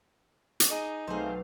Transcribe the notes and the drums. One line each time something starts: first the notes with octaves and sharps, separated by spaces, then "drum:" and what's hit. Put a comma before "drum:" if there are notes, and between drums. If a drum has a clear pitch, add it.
drum: hi-hat
D#4 G#4 D#5 D6
B1 A3 C4 G#4 C5 F5